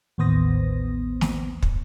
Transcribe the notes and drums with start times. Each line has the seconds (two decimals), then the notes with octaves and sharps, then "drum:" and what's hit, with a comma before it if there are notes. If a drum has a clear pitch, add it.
0.18 A1 D#2 B3 C5 D#6 A#6
1.21 drum: snare
1.63 drum: kick